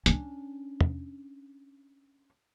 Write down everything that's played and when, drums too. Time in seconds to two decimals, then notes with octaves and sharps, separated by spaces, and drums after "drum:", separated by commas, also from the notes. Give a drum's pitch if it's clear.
0.06 C#4 D4, drum: hi-hat
0.81 drum: tom